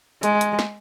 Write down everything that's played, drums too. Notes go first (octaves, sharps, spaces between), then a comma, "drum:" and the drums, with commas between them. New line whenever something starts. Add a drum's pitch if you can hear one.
G#3, drum: hi-hat
drum: hi-hat
drum: snare